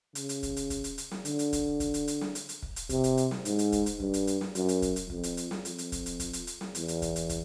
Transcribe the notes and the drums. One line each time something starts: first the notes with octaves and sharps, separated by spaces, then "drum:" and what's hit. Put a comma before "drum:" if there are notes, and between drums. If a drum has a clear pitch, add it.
C#3, drum: hi-hat
drum: hi-hat
drum: kick, hi-hat
drum: hi-hat
drum: kick, hi-hat
drum: hi-hat
drum: hi-hat
drum: snare
D3, drum: hi-hat
drum: hi-hat
drum: kick, hi-hat
drum: kick, hi-hat
drum: hi-hat
drum: hi-hat
drum: snare
drum: hi-hat
drum: hi-hat
drum: kick
drum: hi-hat
C3, drum: kick, hi-hat
drum: hi-hat
drum: hi-hat
drum: snare
G#2, drum: hi-hat
drum: hi-hat
drum: kick, hi-hat
drum: hi-hat
G2, drum: kick
drum: hi-hat
drum: hi-hat
drum: snare
F#2, drum: hi-hat
drum: hi-hat
drum: kick, hi-hat
drum: hi-hat
F2, drum: kick
drum: hi-hat
drum: hi-hat
drum: snare
F2, drum: hi-hat
drum: hi-hat
drum: kick, hi-hat
drum: hi-hat
drum: kick, hi-hat
drum: hi-hat
drum: hi-hat
drum: snare
E2, drum: hi-hat
drum: hi-hat
drum: kick, hi-hat
drum: hi-hat
drum: kick, hi-hat